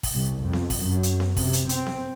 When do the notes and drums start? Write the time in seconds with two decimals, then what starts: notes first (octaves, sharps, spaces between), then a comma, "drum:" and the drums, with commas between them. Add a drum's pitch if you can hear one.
0.03 drum: kick, open hi-hat
0.12 C2
0.43 F2
0.53 drum: snare B3
0.70 drum: kick, open hi-hat
0.81 F#2
1.03 drum: hi-hat
1.20 drum: snare B3
1.37 C3, drum: kick, open hi-hat
1.53 drum: hi-hat
1.69 C4, drum: hi-hat
1.86 drum: snare B3